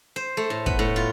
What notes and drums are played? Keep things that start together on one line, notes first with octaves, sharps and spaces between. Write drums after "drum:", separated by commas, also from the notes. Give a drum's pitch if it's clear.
C5
A3
A2
B3, drum: kick
A2
F4